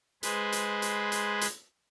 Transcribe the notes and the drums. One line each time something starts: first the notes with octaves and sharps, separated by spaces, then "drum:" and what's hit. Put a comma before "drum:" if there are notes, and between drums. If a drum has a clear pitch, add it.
G#3 G#4 B4 C5, drum: hi-hat
drum: hi-hat
drum: hi-hat
drum: hi-hat
drum: hi-hat